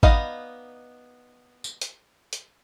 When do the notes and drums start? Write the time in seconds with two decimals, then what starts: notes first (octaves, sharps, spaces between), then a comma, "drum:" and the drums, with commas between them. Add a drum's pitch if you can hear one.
0.03 B3 D#4 D5 D#5 F5, drum: kick G#1
1.64 drum: tambourine
1.81 drum: hi-hat
2.33 drum: hi-hat